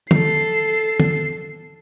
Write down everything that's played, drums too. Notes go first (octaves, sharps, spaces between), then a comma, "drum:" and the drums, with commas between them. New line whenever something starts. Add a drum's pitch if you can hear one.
A4 C7, drum: tom
drum: tom